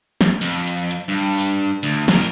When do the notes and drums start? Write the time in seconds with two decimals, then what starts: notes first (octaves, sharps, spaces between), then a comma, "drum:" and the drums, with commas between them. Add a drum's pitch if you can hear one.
0.21 drum: snare
0.41 F2, drum: open hi-hat
0.67 drum: hi-hat
0.91 drum: hi-hat
1.08 G2
1.38 drum: open hi-hat
1.83 D2, drum: hi-hat
2.08 F2 A#4, drum: snare